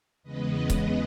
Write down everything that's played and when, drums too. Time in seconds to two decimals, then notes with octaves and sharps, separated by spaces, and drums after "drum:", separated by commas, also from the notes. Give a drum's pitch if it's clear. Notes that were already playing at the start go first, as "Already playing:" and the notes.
0.23 E2 C#3 G#3 B3 B4 D#5
0.70 drum: kick C#1, hi-hat